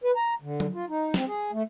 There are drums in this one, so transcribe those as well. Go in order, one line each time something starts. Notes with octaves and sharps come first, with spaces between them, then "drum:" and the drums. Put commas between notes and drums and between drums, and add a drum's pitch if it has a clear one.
B4
A#5
D3
drum: tom F#3
F4
D#4
C4, drum: snare
G#4
A3